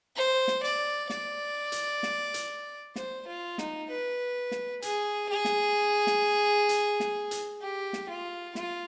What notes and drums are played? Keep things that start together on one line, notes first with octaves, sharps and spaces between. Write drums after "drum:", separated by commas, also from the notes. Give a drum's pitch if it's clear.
C5
drum: snare
D5
D5, drum: snare
drum: hi-hat
drum: snare
drum: hi-hat
C5, drum: snare
F4
D#4, drum: snare
B4
drum: snare
G#4, drum: hi-hat
G#4
drum: snare
drum: snare
drum: hi-hat
drum: snare
drum: hi-hat
G4
drum: snare
F4
F4, drum: snare